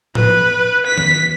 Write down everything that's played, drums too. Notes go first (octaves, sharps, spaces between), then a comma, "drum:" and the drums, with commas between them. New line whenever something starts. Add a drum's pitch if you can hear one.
B4, drum: tom A2
B6
drum: tom D#3